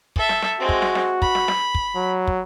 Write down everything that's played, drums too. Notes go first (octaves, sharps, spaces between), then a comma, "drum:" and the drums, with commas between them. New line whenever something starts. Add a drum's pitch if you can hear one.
A4 E5, drum: kick
drum: snare
drum: snare
G#3 C4 F#4
drum: kick
drum: snare
drum: snare
B5, drum: kick
drum: snare
drum: snare
drum: kick
F#3
drum: kick